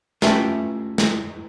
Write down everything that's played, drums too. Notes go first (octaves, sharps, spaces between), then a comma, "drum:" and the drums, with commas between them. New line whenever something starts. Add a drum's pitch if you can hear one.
A3 C#4 F4 G4 B4 E5, drum: snare
drum: snare